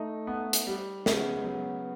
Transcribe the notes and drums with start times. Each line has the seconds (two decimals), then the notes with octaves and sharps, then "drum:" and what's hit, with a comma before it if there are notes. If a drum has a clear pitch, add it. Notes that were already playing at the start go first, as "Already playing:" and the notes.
Already playing: A3 D#4
0.27 B3
0.53 drum: hi-hat
0.67 G3
1.06 C#3 B3, drum: snare
1.45 F#3